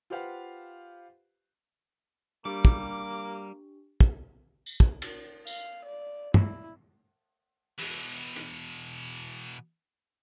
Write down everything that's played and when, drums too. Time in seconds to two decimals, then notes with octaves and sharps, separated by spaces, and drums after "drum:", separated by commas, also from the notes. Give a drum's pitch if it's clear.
0.10 F4 G4 B4 C5 F5 F#5
2.45 G3 A#3 D4 G4 D6
2.65 drum: kick
4.00 drum: kick
4.66 drum: tambourine
4.80 drum: kick
5.02 drum: cymbal
5.47 F5, drum: tambourine
5.85 D5
6.34 E4, drum: tom
7.78 B2 E3, drum: open hi-hat
8.36 drum: hi-hat